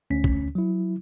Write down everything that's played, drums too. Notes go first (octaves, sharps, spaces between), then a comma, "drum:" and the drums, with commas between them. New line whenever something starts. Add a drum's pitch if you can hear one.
D2 C#4 B6
drum: kick
F#3 E4